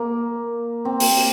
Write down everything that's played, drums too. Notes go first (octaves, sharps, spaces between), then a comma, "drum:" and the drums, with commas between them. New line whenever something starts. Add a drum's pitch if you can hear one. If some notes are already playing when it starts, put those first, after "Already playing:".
Already playing: A#3
C4
A#3, drum: open hi-hat